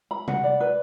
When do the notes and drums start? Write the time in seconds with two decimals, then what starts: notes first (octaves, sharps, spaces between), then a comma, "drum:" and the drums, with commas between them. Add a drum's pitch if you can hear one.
0.11 B5
0.28 F#5, drum: tom C3
0.44 D5
0.60 B4